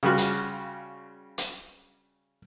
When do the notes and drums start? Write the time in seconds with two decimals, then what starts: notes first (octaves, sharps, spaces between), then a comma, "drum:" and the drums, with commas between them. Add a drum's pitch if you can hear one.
0.03 C#3 G3 F4 F#4
0.18 drum: hi-hat
1.38 drum: hi-hat